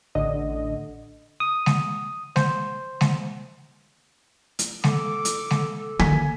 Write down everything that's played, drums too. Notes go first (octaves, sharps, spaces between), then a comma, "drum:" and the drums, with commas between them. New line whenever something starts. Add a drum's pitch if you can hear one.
A1 D3 D#5
D#6
drum: snare G#3
C5, drum: snare G#3
drum: snare G#3
drum: hi-hat
A4 D6, drum: snare G#3
drum: hi-hat
drum: snare G#3
A#3 G#5 B6, drum: tom D3